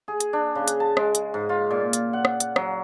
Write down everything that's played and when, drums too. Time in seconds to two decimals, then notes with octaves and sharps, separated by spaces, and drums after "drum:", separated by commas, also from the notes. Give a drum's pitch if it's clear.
0.08 G#4
0.20 drum: hi-hat
0.33 D4
0.55 C#3
0.68 drum: hi-hat
0.80 A5
0.97 G#3, drum: rim click
1.15 drum: hi-hat
1.34 G#2
1.49 F4
1.71 A#2
1.93 drum: hi-hat
2.13 F#5
2.25 drum: rim click
2.40 drum: hi-hat
2.56 F#3, drum: rim click